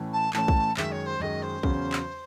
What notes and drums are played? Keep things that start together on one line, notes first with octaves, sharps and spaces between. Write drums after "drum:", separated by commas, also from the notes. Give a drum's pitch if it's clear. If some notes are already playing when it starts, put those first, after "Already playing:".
Already playing: A2 E3 A3 C#4
A5
A2 E3 A3 C#4 A5, drum: clap
drum: kick
F#2 D#3 G#3 E5, drum: clap
C#5
C5
F#2 D#3 G#3 D#5
C5
E2 C#3 F#3 C#4 F#4, drum: kick
drum: clap